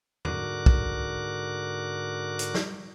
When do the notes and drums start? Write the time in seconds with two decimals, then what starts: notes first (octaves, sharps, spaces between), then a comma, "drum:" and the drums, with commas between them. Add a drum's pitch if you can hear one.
0.25 G#2 D3 F#4 A#4 D6 F#6, drum: tom E2
0.66 drum: kick
2.39 drum: hi-hat
2.54 drum: snare